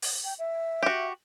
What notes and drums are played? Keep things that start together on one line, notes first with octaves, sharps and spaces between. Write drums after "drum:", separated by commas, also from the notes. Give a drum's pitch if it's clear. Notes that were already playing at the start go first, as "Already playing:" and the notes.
drum: open hi-hat
G5
E5
F#4 G4